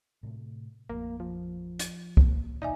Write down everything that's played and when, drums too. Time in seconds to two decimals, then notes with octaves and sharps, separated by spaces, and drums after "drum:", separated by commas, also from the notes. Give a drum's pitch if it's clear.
0.23 A2 C3 A3
0.89 A1 F2 A2 A#3
1.20 F3
1.79 drum: hi-hat
2.17 A#3, drum: kick
2.62 D#1 D#2 B2 D#4 D5 E5 G#5